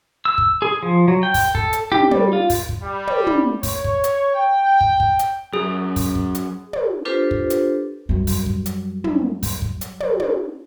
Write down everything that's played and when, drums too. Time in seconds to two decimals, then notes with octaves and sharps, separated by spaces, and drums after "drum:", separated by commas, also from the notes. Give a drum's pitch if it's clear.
0.25 E6
0.38 drum: kick
0.62 G#4
0.83 F3
1.08 F#3
1.23 G5
1.34 drum: kick, open hi-hat
1.55 A4, drum: kick
1.73 drum: hi-hat
1.92 G4, drum: tom
2.11 G3, drum: tom
2.33 F4
2.50 drum: kick, open hi-hat
2.69 drum: kick
2.83 G3
3.07 drum: tom
3.27 drum: tom
3.63 C#5, drum: kick, open hi-hat
3.84 drum: kick
4.04 drum: hi-hat
4.35 G5
4.81 drum: kick
5.00 drum: kick
5.19 drum: hi-hat
5.53 F#2 G#4
5.96 drum: kick, open hi-hat
6.15 drum: kick
6.35 drum: hi-hat
6.73 drum: tom
7.05 D4 F4 G4 A4 B4 C5
7.31 drum: kick
7.50 drum: hi-hat
8.09 F#2 G3
8.27 drum: kick, open hi-hat
8.46 drum: kick
8.66 drum: hi-hat
9.04 drum: tom
9.43 drum: kick, open hi-hat
9.62 drum: kick
9.81 drum: hi-hat
10.00 drum: tom
10.20 drum: tom